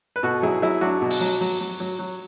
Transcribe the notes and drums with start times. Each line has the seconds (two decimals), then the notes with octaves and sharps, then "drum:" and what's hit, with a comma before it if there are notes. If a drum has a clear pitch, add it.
0.16 B4
0.23 B2 F#4 A4
0.42 F#3 E4 G#4
0.62 F#3 E4 G#4
0.81 F#3 D4 F#4
1.02 B2
1.11 drum: open hi-hat
1.21 F#3
1.41 F#3
1.61 F#3
1.80 F#3
1.99 F#3